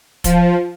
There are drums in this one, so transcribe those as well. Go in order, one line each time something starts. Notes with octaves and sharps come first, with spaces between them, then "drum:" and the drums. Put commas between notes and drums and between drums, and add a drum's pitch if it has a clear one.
F3, drum: kick, hi-hat